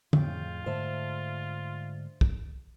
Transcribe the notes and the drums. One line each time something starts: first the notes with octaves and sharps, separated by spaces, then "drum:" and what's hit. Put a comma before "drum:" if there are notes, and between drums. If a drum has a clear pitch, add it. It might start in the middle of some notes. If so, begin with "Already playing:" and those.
F2 A2 C#3 F4 G5, drum: tom
G#2 D3 A3 C5 E5
drum: kick